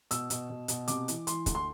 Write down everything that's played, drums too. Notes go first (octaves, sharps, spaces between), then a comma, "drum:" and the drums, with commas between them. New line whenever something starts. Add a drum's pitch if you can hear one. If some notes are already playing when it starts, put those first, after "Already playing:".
B2 E6, drum: hi-hat
B2, drum: hi-hat
B2
B2, drum: hi-hat
C3 D6, drum: hi-hat
E3, drum: hi-hat
E3 C6, drum: hi-hat
D2, drum: kick, hi-hat
C6